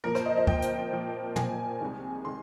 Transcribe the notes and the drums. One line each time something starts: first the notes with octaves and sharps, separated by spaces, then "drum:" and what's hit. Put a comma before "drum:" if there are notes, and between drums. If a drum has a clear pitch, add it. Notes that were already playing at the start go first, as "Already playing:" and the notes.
A#2 F3 A#3 A#4
C5, drum: rim click
D#5
D#5
A#2 F3 A#3 G5, drum: kick
drum: hi-hat
A#2 F3 A#3
A#2 F3 A#3 G#5, drum: tom
C2 C3 D#3 G#3
C3 D#3 G#3 C6